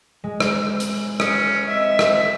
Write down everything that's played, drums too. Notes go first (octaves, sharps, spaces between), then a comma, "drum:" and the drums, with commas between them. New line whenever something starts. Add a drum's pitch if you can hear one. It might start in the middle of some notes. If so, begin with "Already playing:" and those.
G#3
drum: rim click
drum: hi-hat
C#4 D#6, drum: rim click
C4 D#5 E5
drum: rim click